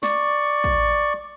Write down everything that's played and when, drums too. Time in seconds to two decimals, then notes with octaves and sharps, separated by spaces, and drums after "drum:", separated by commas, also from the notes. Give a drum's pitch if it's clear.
0.03 D5 C#6, drum: snare
0.64 drum: kick